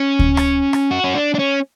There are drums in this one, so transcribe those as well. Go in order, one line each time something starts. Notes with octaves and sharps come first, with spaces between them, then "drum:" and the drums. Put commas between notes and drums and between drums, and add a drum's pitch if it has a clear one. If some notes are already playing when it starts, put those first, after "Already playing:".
Already playing: C#4
drum: kick D2
drum: rim click
drum: rim click
F#4
C#4
D4
D4
C#4